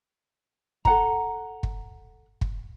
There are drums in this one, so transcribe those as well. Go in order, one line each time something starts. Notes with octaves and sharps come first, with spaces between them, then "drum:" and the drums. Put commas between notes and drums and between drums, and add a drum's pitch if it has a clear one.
A4 F#5 A#5, drum: kick
drum: kick
drum: kick